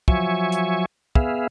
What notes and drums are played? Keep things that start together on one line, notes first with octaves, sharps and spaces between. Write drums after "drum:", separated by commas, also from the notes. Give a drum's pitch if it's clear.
F3 F#3 E5 G#5 C#6, drum: kick
drum: hi-hat
B3 G#4 E5 F5, drum: kick